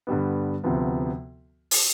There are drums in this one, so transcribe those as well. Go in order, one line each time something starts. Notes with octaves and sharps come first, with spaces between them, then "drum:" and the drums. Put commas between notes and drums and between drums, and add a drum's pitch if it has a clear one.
G2 D3 G3 B3
D2 C3 F3 B3
drum: open hi-hat